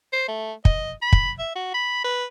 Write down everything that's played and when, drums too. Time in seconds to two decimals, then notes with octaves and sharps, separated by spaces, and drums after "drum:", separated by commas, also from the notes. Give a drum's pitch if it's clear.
0.13 C5
0.28 A3
0.65 D#5, drum: kick
1.02 B5
1.13 drum: kick
1.39 E5
1.55 F#4
1.74 B5
2.05 B4